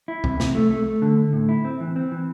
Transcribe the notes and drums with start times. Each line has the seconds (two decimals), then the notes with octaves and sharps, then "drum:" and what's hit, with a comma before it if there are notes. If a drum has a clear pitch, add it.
0.08 E4
0.24 C3, drum: kick C2
0.40 C3, drum: snare
0.55 A3
0.71 A3
0.86 A3
1.02 D3
1.17 D3
1.33 A2
1.49 E4
1.65 C4
1.80 E3
1.96 C4
2.12 E3